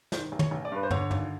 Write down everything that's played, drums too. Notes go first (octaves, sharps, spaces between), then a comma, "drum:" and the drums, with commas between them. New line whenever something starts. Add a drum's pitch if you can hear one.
D#3 C5, drum: snare
A1
C#5, drum: tom
A1
D5
G2 B4
C5
D3 C#5, drum: tom
G#1, drum: tom